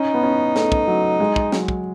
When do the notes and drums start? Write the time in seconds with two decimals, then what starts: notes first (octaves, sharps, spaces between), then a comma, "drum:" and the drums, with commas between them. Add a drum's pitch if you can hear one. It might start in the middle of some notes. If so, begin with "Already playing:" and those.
Already playing: C#4 D#4
0.14 B3
0.23 C#4
0.56 A3, drum: snare
0.72 drum: kick
0.88 F#3
1.20 G#3
1.36 drum: kick
1.52 F#3, drum: snare
1.68 drum: kick